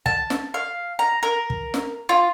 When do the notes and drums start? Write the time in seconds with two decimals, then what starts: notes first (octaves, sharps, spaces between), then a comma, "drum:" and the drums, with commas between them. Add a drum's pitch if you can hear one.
0.06 A5, drum: kick
0.30 drum: snare
0.54 F5
0.99 A#5
1.23 A#4
1.50 drum: kick
1.74 drum: snare
2.09 F4